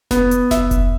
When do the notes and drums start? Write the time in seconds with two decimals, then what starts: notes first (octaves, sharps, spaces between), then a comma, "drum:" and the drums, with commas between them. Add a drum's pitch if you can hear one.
0.11 B3, drum: snare F1
0.31 drum: hi-hat
0.51 E5, drum: snare F1
0.71 drum: kick F1, hi-hat